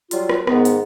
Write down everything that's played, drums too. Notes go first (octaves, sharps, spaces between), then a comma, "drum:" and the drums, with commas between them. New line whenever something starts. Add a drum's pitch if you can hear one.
F#3 G3 F4, drum: hi-hat
drum: rim click
G#2 D#3 B3, drum: rim click
drum: hi-hat